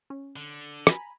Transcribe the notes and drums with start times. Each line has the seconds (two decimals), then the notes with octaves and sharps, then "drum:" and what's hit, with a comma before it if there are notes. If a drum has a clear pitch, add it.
0.10 C#4
0.36 D3
0.87 G#5 A#5 B5, drum: rim click